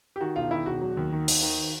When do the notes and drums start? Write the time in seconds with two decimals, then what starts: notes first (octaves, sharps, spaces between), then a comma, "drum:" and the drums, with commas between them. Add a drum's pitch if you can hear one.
0.16 G4
0.21 D#3 F#4
0.36 E1 F4
0.51 D#3 E4
0.66 E1 F#4
0.82 F#3
0.97 D#2
1.12 D#3
1.28 D#2, drum: open hi-hat
1.43 D#3